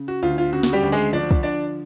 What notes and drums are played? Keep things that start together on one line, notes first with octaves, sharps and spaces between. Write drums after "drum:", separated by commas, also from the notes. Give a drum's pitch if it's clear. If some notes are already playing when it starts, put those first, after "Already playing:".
Already playing: C#3
F#4
D2 F4
F4
C#3 F#4
F#4, drum: snare
G3 G4
D2
G#3 G#4
F3 D4 D5
drum: kick
D3 D4 D5